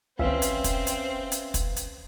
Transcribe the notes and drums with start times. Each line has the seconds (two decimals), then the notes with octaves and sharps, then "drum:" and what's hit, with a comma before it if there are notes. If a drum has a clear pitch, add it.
0.19 G#1 C#2 C4 C#4 B4 C5 E5 F5
0.42 drum: hi-hat
0.64 drum: kick, hi-hat
0.87 drum: hi-hat
1.32 drum: hi-hat
1.54 drum: kick, hi-hat
1.76 drum: hi-hat